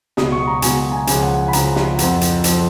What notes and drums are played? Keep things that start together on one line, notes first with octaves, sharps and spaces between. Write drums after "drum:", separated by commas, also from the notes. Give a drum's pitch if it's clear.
C#2 B2 F#3 D#6, drum: snare
C#6
A#5
C#2 B2 F#3 G#5, drum: hi-hat
G#5
C#2 C#3 F3 G#5, drum: hi-hat
F#5
B5
C#2 C#3 F3 A#5, drum: hi-hat
drum: snare
F2 F3 F#5, drum: hi-hat
drum: hi-hat
F2 F3, drum: hi-hat